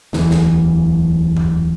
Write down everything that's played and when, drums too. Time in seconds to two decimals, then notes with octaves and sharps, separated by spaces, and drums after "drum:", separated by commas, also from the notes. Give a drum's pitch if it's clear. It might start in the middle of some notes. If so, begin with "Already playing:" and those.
0.13 D1 E2 E3, drum: snare
0.31 drum: snare
1.37 drum: tom F2